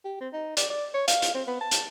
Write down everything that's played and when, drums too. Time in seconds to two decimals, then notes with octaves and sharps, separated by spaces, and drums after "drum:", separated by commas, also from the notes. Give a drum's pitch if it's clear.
0.05 G4
0.21 C4
0.33 D#4
0.57 D5, drum: hi-hat
0.70 D5
0.94 C#5
1.08 F5, drum: hi-hat
1.22 drum: hi-hat
1.35 C4
1.47 B3
1.61 A5
1.71 drum: hi-hat